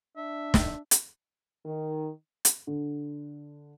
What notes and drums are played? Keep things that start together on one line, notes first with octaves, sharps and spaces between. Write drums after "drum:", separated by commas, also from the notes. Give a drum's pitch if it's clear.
D4 E5
drum: snare
drum: hi-hat
D#3
drum: hi-hat
D3